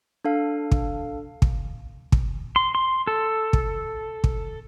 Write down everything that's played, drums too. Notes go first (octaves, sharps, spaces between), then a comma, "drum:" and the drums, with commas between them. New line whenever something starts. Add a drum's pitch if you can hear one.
D4 A4 F5
drum: kick
drum: kick
drum: kick
C6
C6
A4
drum: kick
drum: kick